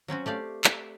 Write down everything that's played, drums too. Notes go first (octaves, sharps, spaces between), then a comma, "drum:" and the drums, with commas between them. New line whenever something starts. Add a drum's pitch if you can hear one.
F#3 C4 C#4 F#4
A3 G4 D5 F5
E5, drum: clap